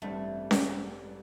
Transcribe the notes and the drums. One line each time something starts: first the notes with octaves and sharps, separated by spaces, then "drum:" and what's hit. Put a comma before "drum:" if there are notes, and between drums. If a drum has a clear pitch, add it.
A1 G2 G3 A3 C4
drum: snare C#4